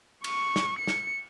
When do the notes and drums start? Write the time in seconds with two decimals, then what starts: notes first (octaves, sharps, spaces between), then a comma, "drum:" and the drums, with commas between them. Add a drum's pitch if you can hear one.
0.24 C#6, drum: cymbal
0.56 drum: snare
0.78 C#7
0.87 drum: snare